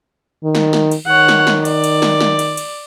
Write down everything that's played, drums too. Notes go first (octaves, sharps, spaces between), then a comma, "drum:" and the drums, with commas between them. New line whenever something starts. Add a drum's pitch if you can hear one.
D#3
drum: snare
drum: snare
drum: cymbal
D#3 C#5 F#5
drum: snare
drum: snare
D5, drum: cymbal
drum: cymbal
drum: snare
drum: snare
drum: cymbal
drum: cymbal